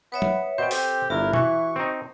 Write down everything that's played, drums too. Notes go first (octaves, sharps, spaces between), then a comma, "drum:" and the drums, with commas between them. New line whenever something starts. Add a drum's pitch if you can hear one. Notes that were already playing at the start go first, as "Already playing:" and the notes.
B3 B4 C#5 E5
drum: tom
B2 B4 C5 G5
C4 G4 A4, drum: open hi-hat
G1 E4 F#4 A#4
E3 C#6, drum: tom
C4 D#4